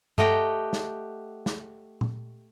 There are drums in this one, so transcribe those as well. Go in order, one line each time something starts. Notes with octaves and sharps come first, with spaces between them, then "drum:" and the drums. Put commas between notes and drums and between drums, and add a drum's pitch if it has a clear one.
A3 G4 D#5 F#5 G5 A#5, drum: tom G2
drum: snare
drum: snare
drum: tom